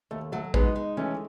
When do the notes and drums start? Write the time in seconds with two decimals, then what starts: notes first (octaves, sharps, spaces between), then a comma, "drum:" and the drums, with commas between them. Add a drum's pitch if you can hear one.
0.11 D#2 A3
0.32 F#3 A3
0.54 G#3 B3 D#4, drum: kick
0.76 G#3
0.97 E3 A3 C#4